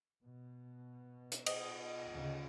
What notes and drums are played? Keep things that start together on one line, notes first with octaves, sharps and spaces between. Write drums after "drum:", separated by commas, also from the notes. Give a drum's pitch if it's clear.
B2
drum: hi-hat
D#5, drum: cymbal
D2 C#3